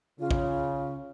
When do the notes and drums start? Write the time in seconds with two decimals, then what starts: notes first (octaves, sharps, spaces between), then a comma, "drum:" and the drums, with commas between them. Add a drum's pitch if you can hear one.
0.19 C#3 F4
0.31 drum: kick